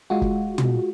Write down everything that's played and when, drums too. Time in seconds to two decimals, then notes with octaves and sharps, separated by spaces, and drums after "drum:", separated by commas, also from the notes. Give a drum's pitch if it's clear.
0.10 G#3 F4 F#4
0.22 drum: kick
0.58 drum: tom